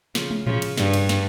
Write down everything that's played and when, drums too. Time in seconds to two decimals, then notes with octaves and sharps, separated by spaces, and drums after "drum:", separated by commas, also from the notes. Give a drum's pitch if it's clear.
0.15 C#3 F3, drum: snare
0.31 drum: tom
0.47 C#3 F3, drum: tom A2
0.62 drum: cymbal
0.78 G2, drum: snare
0.94 drum: cymbal
1.09 drum: snare